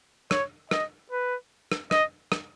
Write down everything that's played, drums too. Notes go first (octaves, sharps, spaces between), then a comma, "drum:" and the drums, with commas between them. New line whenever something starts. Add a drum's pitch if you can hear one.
C#5, drum: rim click
D#5, drum: rim click
B4
drum: rim click
D#5, drum: rim click
drum: rim click